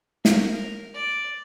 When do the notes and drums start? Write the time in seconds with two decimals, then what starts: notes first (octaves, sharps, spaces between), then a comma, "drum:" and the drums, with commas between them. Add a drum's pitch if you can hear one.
0.25 A#4, drum: snare
0.94 D5